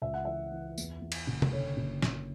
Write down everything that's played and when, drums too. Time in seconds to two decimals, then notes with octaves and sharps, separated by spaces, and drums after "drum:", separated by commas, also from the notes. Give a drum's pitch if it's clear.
0.02 C#2 E5
0.14 F#5
0.25 E3 E5
0.52 E3
0.78 E2, drum: tambourine
1.02 E2
1.12 drum: cymbal
1.27 F#1
1.42 drum: tom C3
1.53 D3 C#5
1.77 F#1
2.02 F#1, drum: snare